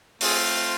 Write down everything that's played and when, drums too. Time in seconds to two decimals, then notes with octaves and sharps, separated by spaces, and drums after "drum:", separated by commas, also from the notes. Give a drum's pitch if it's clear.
0.21 A3 C4 F4 G#4, drum: open hi-hat